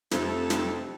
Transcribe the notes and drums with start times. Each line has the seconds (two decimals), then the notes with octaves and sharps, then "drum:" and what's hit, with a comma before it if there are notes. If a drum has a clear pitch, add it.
0.11 F2 C3 A3 A4, drum: snare
0.50 drum: snare